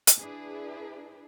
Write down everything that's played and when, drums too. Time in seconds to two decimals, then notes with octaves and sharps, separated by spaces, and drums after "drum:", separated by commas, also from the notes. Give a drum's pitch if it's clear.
0.07 drum: hi-hat
0.19 D4 E4 G#4 B4